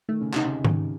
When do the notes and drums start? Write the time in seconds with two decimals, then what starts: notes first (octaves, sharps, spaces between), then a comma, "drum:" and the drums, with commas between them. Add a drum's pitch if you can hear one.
0.08 D#3 A3
0.21 C#3
0.34 C3 D#4, drum: clap
0.45 C#3
0.65 D#3, drum: tom G#2